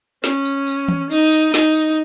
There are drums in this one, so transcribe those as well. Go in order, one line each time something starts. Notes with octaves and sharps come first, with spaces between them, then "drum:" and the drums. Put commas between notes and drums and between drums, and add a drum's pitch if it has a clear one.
C#4, drum: snare
drum: tambourine
drum: tambourine
drum: tom E3
D#4, drum: tambourine
drum: tambourine
D#4, drum: snare
drum: tambourine